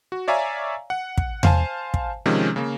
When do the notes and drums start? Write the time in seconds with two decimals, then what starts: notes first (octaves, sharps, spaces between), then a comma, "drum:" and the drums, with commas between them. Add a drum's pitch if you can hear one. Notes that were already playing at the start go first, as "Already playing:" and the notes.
0.12 F#4
0.28 C#5 D5 E5 F5 G#5 A#5
0.90 F#5
1.18 drum: kick
1.43 C5 F5 G#5 A5, drum: tom E2
1.94 drum: kick
2.26 C3 D#3 F3 G#3 C#4
2.56 C#3 A#3